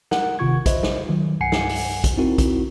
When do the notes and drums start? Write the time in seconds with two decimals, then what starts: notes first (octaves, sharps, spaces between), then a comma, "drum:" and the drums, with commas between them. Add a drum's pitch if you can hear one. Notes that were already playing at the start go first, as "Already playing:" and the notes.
0.11 A#4 F#5, drum: snare
0.39 G#1 C3 D#3 F4 C#6 G#6
0.66 F4 B4 C5 D#5 E5, drum: kick, hi-hat
0.83 drum: snare
1.09 D#3 F#3
1.41 C2 G2 F#5 G#5 C7 C#7
1.52 drum: snare
1.69 drum: open hi-hat
2.04 drum: kick, hi-hat
2.17 C4 D#4 E4 F#4 A#4
2.38 drum: kick, hi-hat